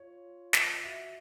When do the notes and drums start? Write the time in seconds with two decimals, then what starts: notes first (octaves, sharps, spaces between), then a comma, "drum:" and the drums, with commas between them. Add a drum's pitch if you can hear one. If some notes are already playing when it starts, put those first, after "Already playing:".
Already playing: F4 C#5
0.53 D#5, drum: snare
0.84 F#4 E5